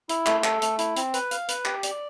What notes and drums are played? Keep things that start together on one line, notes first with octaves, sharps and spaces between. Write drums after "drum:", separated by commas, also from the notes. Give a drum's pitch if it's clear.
E4, drum: hi-hat
A3, drum: clap
A4, drum: clap
A3, drum: hi-hat
E4, drum: hi-hat
C4, drum: hi-hat
B4, drum: hi-hat
F5, drum: hi-hat
B4, drum: hi-hat
G4, drum: clap
D5, drum: hi-hat